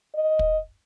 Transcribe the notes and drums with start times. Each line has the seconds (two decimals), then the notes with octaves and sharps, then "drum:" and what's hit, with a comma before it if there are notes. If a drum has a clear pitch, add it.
0.15 D#5
0.39 drum: kick